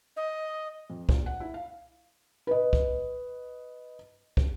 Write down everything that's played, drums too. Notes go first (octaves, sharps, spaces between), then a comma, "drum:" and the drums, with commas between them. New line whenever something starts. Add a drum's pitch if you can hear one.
D#5
F2
A#2, drum: kick
F#5
E4
F5
B4 D#5
drum: kick
drum: kick